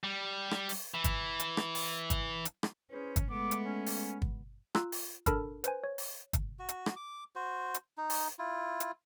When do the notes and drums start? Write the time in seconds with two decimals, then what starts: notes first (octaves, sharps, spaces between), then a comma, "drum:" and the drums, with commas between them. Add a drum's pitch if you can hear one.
0.04 G3
0.51 drum: rim click
0.69 drum: open hi-hat
0.94 E3
1.04 drum: kick, hi-hat
1.40 drum: hi-hat
1.57 drum: rim click
1.75 drum: open hi-hat
2.10 drum: kick, hi-hat
2.45 drum: hi-hat
2.63 drum: rim click
2.91 C#4 E4 G#4 B4 C5
3.16 drum: kick, hi-hat
3.30 G#3 A3 B3 D6
3.51 drum: hi-hat
3.65 C#4
3.86 drum: open hi-hat
4.22 drum: kick
4.75 F4 A#5 E6 F#6, drum: rim click
4.92 drum: open hi-hat
5.26 D4 A4 A#4 A5 B5 F6, drum: kick, hi-hat
5.64 B4 C5 G#5, drum: hi-hat
5.84 C#5
5.98 drum: open hi-hat
6.33 drum: kick, hi-hat
6.59 F#4
6.69 drum: hi-hat
6.86 drum: rim click
6.96 D6
7.35 F#4 C5
7.74 drum: hi-hat
7.98 D#4
8.10 drum: open hi-hat
8.39 E4 F4
8.80 drum: hi-hat